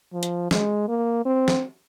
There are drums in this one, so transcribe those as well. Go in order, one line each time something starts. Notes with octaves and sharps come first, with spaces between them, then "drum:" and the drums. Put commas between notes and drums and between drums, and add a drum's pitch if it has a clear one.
F3
drum: hi-hat
G#3, drum: snare
A#3
C4
drum: snare